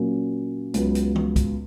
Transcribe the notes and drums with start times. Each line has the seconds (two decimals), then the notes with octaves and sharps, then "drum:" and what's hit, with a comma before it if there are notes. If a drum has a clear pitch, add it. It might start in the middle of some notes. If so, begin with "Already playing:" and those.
Already playing: A#2 F#3 A#3 C#4
0.74 C#2 C#3 F#3 B3, drum: hi-hat
0.95 drum: hi-hat
1.16 drum: tom E3
1.36 drum: kick, hi-hat